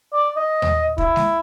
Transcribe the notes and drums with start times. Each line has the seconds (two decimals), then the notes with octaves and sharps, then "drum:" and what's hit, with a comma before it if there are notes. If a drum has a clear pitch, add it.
0.13 D5
0.36 D#5
0.62 drum: tom D#2
0.98 E4, drum: kick
1.16 drum: snare G#3